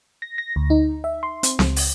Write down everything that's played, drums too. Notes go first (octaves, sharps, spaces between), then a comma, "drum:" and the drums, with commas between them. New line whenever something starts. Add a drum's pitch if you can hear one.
A#6
A#6
D2
D#4
E5
C6
C4, drum: hi-hat
C#2, drum: snare C4
drum: open hi-hat